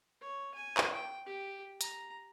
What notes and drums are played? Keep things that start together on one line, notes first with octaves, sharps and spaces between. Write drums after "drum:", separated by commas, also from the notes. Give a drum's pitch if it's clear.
C#5
G#5
drum: clap
G5
G4
A#5, drum: hi-hat